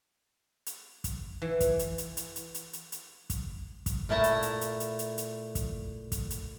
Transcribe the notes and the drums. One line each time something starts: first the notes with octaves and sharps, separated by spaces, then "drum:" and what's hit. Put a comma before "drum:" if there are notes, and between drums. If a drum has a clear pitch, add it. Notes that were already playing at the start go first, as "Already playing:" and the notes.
drum: hi-hat
drum: kick, hi-hat
E3
drum: kick, hi-hat
drum: hi-hat
drum: hi-hat
drum: hi-hat
drum: hi-hat
drum: hi-hat
drum: hi-hat
drum: hi-hat
drum: kick, hi-hat
drum: kick, hi-hat
A#2 A3 E4 A5 A#5
drum: hi-hat
drum: hi-hat
drum: hi-hat
drum: hi-hat
drum: hi-hat
drum: hi-hat
drum: kick, hi-hat
drum: kick, hi-hat
drum: hi-hat